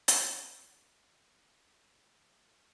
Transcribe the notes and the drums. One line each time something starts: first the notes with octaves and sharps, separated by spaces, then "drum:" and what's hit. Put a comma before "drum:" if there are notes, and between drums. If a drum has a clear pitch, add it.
drum: hi-hat
G#2 F3 G#3 B3 F4
F#4
D#2 C#3 G#3 B3
F#4
D#2 D#3 A#3 G#4 B4